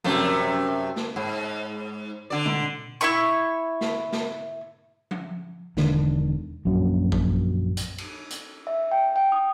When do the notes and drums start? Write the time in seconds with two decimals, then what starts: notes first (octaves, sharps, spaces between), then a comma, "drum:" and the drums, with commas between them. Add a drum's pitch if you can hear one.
0.04 F#2 C3 A3, drum: tom F3
0.96 drum: snare
1.16 G#2
2.30 D3 D5
2.46 drum: tom A#2
3.01 E4 E5 C#6
3.81 drum: snare
4.12 drum: snare
5.11 drum: tom F3
5.77 E1 D3 D#3 D4, drum: snare
6.65 A#1 F#2 A#2 F#3
7.12 drum: kick A1
7.77 drum: hi-hat
7.98 drum: cymbal
8.30 drum: hi-hat
8.67 E5
8.91 G5
9.16 G5
9.32 D#6